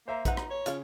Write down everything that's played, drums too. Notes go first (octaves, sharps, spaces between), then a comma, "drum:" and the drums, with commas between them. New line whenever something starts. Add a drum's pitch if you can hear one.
A#3 C5 E5 A#5
D#4 B4 F#5, drum: kick A#1, hi-hat
A#5, drum: rim click
C#5
C#3 F4 F5, drum: hi-hat